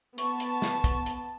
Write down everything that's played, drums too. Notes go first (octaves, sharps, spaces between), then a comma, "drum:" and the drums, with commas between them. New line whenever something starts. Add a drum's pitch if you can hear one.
B3 A5 C#6, drum: hi-hat
drum: hi-hat
drum: snare
drum: kick, hi-hat
drum: hi-hat